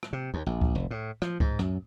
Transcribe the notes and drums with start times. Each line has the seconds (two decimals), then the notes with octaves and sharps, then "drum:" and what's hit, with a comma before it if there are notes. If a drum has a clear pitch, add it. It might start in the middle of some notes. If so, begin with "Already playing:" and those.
0.03 drum: rim click
0.13 C3
0.34 D#2
0.46 A#1
0.61 drum: kick C#2
0.75 F1
0.91 A2
1.22 F3, drum: rim click
1.40 G#2, drum: kick C#2
1.59 F#2, drum: rim click